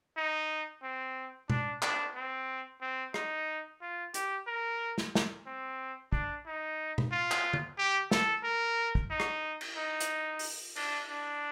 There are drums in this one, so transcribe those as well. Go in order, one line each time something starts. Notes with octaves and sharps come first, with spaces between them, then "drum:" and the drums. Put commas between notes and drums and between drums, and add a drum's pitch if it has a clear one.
D#4
C4
D4, drum: tom B2
D4, drum: clap
C4
C4
D#4, drum: rim click
F4
G4, drum: hi-hat
A#4
drum: snare
drum: snare
C4
D4, drum: kick
D#4
drum: tom B2
F4
drum: clap
drum: tom
G4
A4, drum: snare
A#4
drum: kick
D#4
drum: rim click
drum: cymbal
D#4
drum: hi-hat
drum: open hi-hat
D4, drum: cymbal
D4